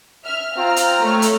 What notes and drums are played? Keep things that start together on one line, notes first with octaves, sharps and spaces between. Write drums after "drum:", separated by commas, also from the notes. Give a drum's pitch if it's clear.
E5 F6
C4 F4 A#5 F6
drum: hi-hat
A3 C#5
drum: hi-hat